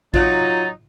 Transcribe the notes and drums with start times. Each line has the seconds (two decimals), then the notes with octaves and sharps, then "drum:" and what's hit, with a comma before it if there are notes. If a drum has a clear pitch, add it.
0.14 F#3 D#4 F4 A6, drum: kick A1